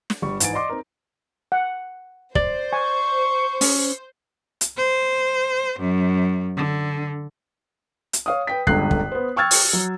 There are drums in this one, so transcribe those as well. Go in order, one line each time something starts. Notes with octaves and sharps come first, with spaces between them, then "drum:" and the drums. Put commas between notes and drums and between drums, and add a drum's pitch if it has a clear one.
drum: snare
G1 G3 C#6
G#2 E3 G#5 A6 D7, drum: hi-hat
D5 D#5 C6 D6
C4 D#4 A#4
F#5
C5 D5, drum: kick
G#5 C#6
C#4, drum: open hi-hat
drum: hi-hat
C5
F#2
D3
drum: hi-hat
C#5 F5 D#6
B4 G5 B6
G1 C#2 G2 D3 F#6 C7, drum: kick
drum: kick
B3 C5
G5 C#6 E6 F6 G#6 A6
drum: open hi-hat
F#3